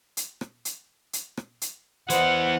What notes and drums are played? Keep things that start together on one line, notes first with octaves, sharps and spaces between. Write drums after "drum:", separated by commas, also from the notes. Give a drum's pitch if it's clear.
drum: hi-hat
drum: rim click
drum: hi-hat
drum: hi-hat
drum: rim click
drum: hi-hat
E3 B3 C5 D#5 F#5, drum: hi-hat